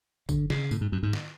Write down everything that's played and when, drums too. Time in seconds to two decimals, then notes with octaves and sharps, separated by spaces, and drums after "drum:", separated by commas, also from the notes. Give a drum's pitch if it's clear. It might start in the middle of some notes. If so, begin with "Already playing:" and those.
0.29 D3, drum: kick, tambourine
0.50 C#3, drum: snare
0.71 A2, drum: tambourine
0.81 G#2
0.92 F#2
1.03 G#2
1.13 drum: snare